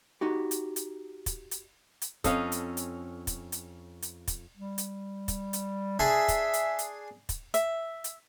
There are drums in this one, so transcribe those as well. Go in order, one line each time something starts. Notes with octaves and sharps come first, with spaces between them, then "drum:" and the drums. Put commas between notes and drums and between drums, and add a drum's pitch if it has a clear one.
D#4 F#4 G4
drum: hi-hat
drum: hi-hat
drum: kick, hi-hat
drum: hi-hat
drum: hi-hat
F2 C#4 A4 D#5 F5, drum: kick, hi-hat
drum: hi-hat
drum: hi-hat
drum: kick, hi-hat
drum: hi-hat
drum: hi-hat
drum: kick, hi-hat
G3
drum: hi-hat
drum: kick, hi-hat
drum: hi-hat
D4 G#4 E5 C6
drum: kick, hi-hat
drum: hi-hat
drum: hi-hat
drum: kick, hi-hat
E5, drum: hi-hat
drum: hi-hat